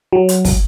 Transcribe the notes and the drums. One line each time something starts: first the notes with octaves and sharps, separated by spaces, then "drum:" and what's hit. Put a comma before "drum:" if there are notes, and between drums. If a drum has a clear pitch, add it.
F#3
drum: hi-hat
drum: kick, open hi-hat